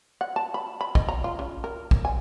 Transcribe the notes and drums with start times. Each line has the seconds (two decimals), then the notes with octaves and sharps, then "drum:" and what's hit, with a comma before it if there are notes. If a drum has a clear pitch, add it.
0.21 F#5
0.36 A5
0.54 B5
0.81 B5
0.95 D#5, drum: kick
1.09 A#5
1.24 F4
1.39 C#3
1.64 A#4
1.91 drum: kick
2.05 G#5